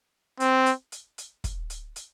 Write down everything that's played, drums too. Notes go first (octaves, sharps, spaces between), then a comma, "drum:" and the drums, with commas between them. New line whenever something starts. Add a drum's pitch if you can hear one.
C4, drum: hi-hat
drum: hi-hat
drum: hi-hat
drum: hi-hat
drum: kick, hi-hat
drum: hi-hat
drum: hi-hat